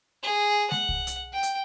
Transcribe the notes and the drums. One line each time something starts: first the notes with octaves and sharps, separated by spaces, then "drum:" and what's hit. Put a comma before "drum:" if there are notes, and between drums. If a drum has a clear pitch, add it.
G#4
F#5, drum: snare G#3
drum: kick C2
drum: hi-hat
G5
drum: hi-hat